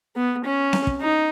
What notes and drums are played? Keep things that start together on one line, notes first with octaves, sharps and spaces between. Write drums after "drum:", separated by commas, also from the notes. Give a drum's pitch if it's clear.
B3
C#4
drum: snare C4
drum: kick
D#4